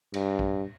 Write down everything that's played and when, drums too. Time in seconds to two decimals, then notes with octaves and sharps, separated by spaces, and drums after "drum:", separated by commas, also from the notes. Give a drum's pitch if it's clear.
0.14 G2, drum: cymbal
0.39 drum: kick